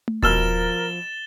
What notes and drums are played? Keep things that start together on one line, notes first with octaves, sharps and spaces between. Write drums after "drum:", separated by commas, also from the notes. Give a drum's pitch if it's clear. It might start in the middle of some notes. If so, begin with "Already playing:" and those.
drum: tom A3
B2 F3 A#4 E6 F6 A6 E7 G7, drum: kick D#1